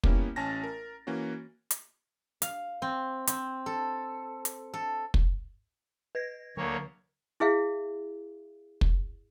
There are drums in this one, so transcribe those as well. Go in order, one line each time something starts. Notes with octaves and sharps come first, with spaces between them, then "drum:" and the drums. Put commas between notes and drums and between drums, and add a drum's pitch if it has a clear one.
G3 A#3 B3 C#4 E4, drum: kick
A1 C#4 G#5 A5 A6 A#6
A#4
E3 A#3 C#4 F#4
drum: hi-hat
F5, drum: hi-hat
C4
C4, drum: hi-hat
A4
drum: hi-hat
A4
drum: kick
B4 G#6 A#6
D2 D3 A#3 C#5
E4 G#4 E5 F5
drum: kick